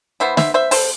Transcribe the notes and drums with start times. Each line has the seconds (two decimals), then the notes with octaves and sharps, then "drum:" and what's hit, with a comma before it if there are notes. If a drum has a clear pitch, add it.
0.20 E3 B3 C5 E5
0.37 C5 E5, drum: snare
0.54 C5 E5
0.71 A4 C5, drum: open hi-hat